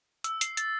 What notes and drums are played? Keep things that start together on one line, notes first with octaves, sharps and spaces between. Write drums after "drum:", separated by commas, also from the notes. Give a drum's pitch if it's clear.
E6, drum: hi-hat
C7, drum: hi-hat
A6, drum: hi-hat